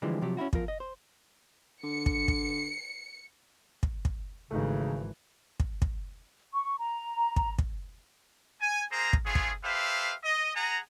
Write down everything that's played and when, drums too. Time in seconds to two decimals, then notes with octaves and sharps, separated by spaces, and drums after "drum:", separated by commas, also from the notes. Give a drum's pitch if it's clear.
0.02 D3 E3 F3 G3 G#3 C4
0.21 C3 F3 F#3 G4
0.37 C#4 D4 E4 F#4
0.53 E2 F3 F4 A#4, drum: kick
0.68 D#5
0.80 C5
1.83 D3 C#7
2.06 drum: kick
2.28 drum: kick
3.83 drum: kick
4.05 drum: kick
4.51 G#1 C#3 E3 A3 D#4
5.60 drum: kick
5.82 drum: kick
6.52 C#6
6.79 A#5
7.36 drum: kick
7.59 drum: kick
8.61 G#5
8.92 A#3 C4 G#4 C5 A#5
9.13 drum: kick
9.26 A3 B3 C#4 F4 G#4
9.35 drum: kick
9.64 G4 A4 B4 C5 E5 F5
10.24 D#5
10.55 G#4 F#5 G#5 A#5